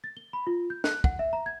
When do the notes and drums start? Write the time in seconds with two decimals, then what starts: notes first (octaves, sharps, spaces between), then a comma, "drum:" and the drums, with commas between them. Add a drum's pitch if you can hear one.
0.04 A6
0.17 G7
0.33 B5
0.47 F4
0.70 G6
0.84 F#6, drum: snare
1.04 F#5, drum: kick
1.19 E5
1.33 A#5
1.46 G#6